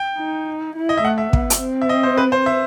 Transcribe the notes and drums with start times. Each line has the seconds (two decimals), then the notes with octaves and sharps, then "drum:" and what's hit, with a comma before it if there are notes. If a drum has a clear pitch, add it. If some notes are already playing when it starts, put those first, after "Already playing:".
Already playing: G5
0.19 D#4
0.76 E4
0.89 D#5
0.98 E5
1.04 A3 F#5
1.18 E5
1.33 B3, drum: kick
1.50 drum: hi-hat
1.61 C4
1.82 E5
1.89 D#5
2.03 C5
2.17 B4
2.32 C5
2.46 E5